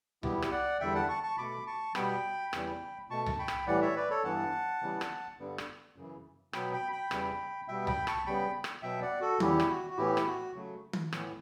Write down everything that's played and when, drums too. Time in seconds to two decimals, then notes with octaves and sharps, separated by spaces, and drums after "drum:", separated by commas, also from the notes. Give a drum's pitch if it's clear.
0.23 E2 B2 G3 B3 E4 G4, drum: tom C2
0.42 drum: rim click
0.52 D5 F#5
0.80 E2 D3 G3 E5 G5
0.95 F#5 A5
1.09 A5 C#6
1.23 A5 C#6
1.37 B2 A3 B5 D6
1.67 A5 C#6
1.95 B2 G3 B3 G5 B5, drum: rim click
2.53 E2 C#3 E3 G3, drum: rim click
3.10 B2 A3 A5 C#6
3.26 A5, drum: tom C2
3.39 G5 B5
3.48 drum: rim click
3.67 A2 E3 G3 D5 F#5
3.82 C#5 E5
3.96 B4 D5
4.10 A4 C#5
4.24 G2 E3 B3 F#5 A5
4.82 C#3 E3 G3 B3
5.01 drum: rim click
5.39 G2 D3 G3 B3
5.58 drum: rim click
5.96 F#2 C#3 E3
6.53 B2 F#3 B3 G5 B5, drum: rim click
6.73 G5 B5
6.92 G5 B5
7.11 E2 C#3 E3 G3, drum: rim click
7.68 B2 G3 B3 E5 G5
7.87 G5 B5, drum: tom C2
8.07 A5 C#6, drum: rim click
8.26 C#3 G3 B3 G5 B5
8.64 drum: rim click
8.83 B2 F#3 B3 E5 G5
9.02 D5 F#5
9.21 F#4 A4
9.40 E2 C#3 E3 G3 B3 E4 G4, drum: tom D#3
9.60 drum: rim click
9.69 F#4
9.90 F#4
9.97 A2 E3 B3 E4 G4
10.17 drum: rim click
10.26 F#4
10.55 C#3 F#3 A3
10.93 drum: tom D#3
11.12 A2 E3 B3, drum: rim click